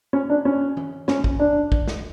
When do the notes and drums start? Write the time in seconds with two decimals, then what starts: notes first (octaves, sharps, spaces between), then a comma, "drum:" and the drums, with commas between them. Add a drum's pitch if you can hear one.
0.13 C#4
0.30 D4
0.45 C#4
0.77 drum: tom E3
1.08 C#4, drum: snare
1.24 drum: kick
1.39 D4
1.72 drum: kick
1.88 drum: snare